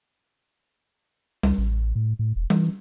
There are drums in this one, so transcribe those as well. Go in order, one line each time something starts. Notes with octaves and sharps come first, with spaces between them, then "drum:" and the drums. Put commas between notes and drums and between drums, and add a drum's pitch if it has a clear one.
C#2, drum: tom G3
A1
A2
A2
E1
E3, drum: tom G3